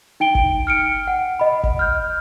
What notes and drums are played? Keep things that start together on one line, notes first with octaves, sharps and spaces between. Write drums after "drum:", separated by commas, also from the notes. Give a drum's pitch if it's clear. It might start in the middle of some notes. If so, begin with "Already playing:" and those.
D#4 G5 D7 G7
drum: kick G1
F6 C#7 D7
F#5
D#5 B5
drum: kick G1
F6 G6